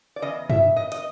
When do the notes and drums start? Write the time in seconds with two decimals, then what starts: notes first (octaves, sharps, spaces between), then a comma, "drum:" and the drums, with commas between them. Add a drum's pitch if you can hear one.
0.16 D5
0.22 E2 C#3 D#5
0.50 E5, drum: tom G2
0.76 D#5
0.92 D#5, drum: hi-hat